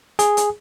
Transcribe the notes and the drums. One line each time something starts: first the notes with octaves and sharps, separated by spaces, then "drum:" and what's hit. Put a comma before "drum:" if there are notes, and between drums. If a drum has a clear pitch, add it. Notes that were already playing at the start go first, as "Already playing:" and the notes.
G#4, drum: hi-hat
drum: hi-hat